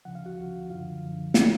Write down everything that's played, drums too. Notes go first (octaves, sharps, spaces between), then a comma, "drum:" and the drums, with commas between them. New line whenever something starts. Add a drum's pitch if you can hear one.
D2 C#3 F3 F#5
F5
F#4 F#5
D2 C#3 F3
F#2 D3 F3 F4 F5
F#2 D3 F3
F3 C#4 C#5, drum: snare